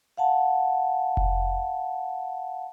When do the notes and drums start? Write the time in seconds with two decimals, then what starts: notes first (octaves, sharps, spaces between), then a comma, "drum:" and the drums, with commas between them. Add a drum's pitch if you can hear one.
0.17 F5 F#5 A5
1.17 drum: kick F1